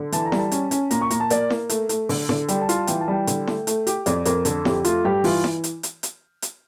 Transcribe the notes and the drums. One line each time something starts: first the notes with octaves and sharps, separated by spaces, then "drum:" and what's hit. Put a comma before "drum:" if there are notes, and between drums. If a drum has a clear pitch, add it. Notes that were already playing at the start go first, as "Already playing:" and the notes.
Already playing: D3
E3 A5, drum: hi-hat
A#5
G3, drum: snare E4
A5
C#4, drum: hi-hat
C#4, drum: hi-hat
A#2 A#5, drum: hi-hat
C#6
A#2 A#5, drum: hi-hat
A5
A#3 D5, drum: hi-hat
A#3, drum: snare E4
A3, drum: hi-hat
A3, drum: hi-hat
D3, drum: open hi-hat
D3, drum: snare E4
G3 G5, drum: hi-hat
A5
F4, drum: hi-hat
A5
E3 G5, drum: hi-hat
A5
G3 G5
D3, drum: hi-hat
A3, drum: snare E4
A3, drum: hi-hat
G4, drum: hi-hat
F2 D5, drum: hi-hat
F2 A#4, drum: hi-hat
D3 A4, drum: hi-hat
F2 G4, drum: snare E4
A3 F4, drum: hi-hat
G2 G4
E3 F4, drum: open hi-hat
drum: snare E4
drum: hi-hat
drum: hi-hat
drum: hi-hat
drum: hi-hat